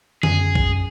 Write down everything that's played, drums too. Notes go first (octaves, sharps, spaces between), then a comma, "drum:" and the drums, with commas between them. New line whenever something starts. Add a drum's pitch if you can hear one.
F#2 G#4, drum: tom D3
drum: kick A#1